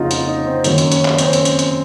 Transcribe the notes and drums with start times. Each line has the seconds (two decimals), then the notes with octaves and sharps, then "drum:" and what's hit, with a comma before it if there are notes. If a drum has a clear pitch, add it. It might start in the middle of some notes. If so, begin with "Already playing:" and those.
Already playing: F2 C#3 F3 A#3 D#4 F4 F#4
0.11 F4, drum: hi-hat
0.28 D#4
0.46 C4
0.64 F#2 D#3 A#3 C#4, drum: hi-hat
0.78 drum: hi-hat
0.92 C#4, drum: hi-hat
1.05 drum: clap
1.18 C4, drum: hi-hat
1.25 C#4
1.33 C4, drum: hi-hat
1.45 drum: hi-hat
1.59 drum: hi-hat